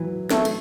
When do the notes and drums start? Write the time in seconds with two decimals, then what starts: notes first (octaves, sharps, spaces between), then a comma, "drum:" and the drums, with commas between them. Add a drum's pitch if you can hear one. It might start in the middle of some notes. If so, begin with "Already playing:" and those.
Already playing: E3 F#3
0.30 A3, drum: snare
0.45 drum: cymbal